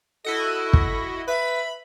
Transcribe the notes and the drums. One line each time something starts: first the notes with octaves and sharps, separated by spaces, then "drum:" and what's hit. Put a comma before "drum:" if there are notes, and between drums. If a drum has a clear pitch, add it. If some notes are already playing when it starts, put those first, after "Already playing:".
E4 F#4 A4 D#5
drum: kick
B4 E5 B5